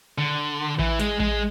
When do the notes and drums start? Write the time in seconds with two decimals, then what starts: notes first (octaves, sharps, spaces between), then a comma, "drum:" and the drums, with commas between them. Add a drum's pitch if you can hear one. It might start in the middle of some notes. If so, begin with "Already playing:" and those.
0.18 D3
0.79 E3, drum: kick A1
1.00 G#3, drum: hi-hat
1.20 G#3, drum: kick A1